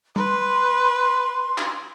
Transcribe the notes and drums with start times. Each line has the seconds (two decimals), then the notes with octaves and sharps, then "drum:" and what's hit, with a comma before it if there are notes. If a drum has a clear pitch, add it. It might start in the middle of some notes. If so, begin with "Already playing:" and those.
0.16 B4 C6, drum: tom G3
1.58 drum: clap